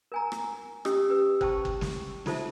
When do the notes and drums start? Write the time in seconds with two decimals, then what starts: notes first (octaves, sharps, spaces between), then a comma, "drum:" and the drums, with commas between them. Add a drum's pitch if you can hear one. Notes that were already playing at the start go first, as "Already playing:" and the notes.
0.12 A#4 G#5 A#5
0.32 drum: rim click
0.85 C#4 G4 D#5 D#6 E6, drum: rim click
1.09 G4 B4 E6
1.41 C5 G5 A5 C#6, drum: kick
1.65 drum: kick
1.81 drum: snare
2.26 D#4 F4 A4 C5 E5 A5, drum: snare